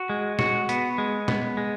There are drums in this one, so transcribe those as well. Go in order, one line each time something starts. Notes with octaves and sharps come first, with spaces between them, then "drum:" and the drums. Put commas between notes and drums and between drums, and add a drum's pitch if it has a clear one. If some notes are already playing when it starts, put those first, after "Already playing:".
Already playing: F#4
G#3
F#4, drum: snare
B3, drum: hi-hat
G#3
B3, drum: snare
G#3